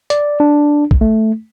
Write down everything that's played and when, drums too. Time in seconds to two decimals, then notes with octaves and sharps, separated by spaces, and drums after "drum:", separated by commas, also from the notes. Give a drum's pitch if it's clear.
0.10 D5, drum: hi-hat
0.40 D4
0.91 drum: kick
1.01 A3